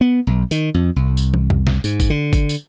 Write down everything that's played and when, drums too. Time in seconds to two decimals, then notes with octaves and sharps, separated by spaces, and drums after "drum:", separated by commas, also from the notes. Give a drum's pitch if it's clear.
0.01 B3
0.27 B1
0.51 D#3, drum: tambourine
0.74 F2
0.96 C2
1.17 drum: tambourine
1.34 drum: tom
1.50 drum: tom F2
1.67 drum: snare
1.84 G#2, drum: tambourine
2.00 drum: kick, tambourine
2.10 D3
2.33 drum: kick, tambourine
2.49 drum: tambourine